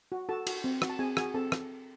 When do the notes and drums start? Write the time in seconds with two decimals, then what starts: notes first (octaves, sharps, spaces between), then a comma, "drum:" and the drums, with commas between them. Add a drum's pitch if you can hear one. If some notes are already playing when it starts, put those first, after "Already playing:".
0.12 F#4
0.29 F#4 A4 A5
0.47 F#4, drum: cymbal
0.64 C4
0.82 F#4, drum: rim click
0.90 A5
0.99 C4 G#4 G#5
1.17 F#4 G#4 G#5, drum: rim click
1.34 C4 A4 A5
1.52 drum: rim click